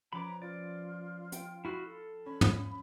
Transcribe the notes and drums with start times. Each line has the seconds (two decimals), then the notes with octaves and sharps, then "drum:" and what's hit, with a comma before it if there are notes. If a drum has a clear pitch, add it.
0.13 F3 C#4 B4 A#5 B5 D6
0.42 F4 D5
1.32 G5 D7, drum: hi-hat
1.65 E4 F#4 B5 F6 C7
1.86 A4
2.26 C#4 B5
2.41 drum: tom